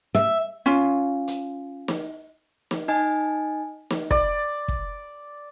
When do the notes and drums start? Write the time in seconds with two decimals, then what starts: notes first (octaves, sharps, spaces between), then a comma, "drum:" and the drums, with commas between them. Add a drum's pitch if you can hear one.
0.15 E5
0.66 C#4 F4
1.28 drum: hi-hat
1.88 drum: snare
2.71 drum: snare
2.88 D#4 D#5 G#5
3.90 drum: snare
4.11 D5, drum: kick
4.68 drum: kick